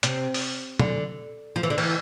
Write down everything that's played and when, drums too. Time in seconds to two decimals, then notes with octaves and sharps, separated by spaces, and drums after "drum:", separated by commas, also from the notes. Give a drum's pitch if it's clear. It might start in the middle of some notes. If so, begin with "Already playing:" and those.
0.03 C3, drum: hi-hat
0.34 drum: open hi-hat
0.79 D3, drum: tom
1.56 F3
1.63 E3
1.70 D3
1.78 E3, drum: cymbal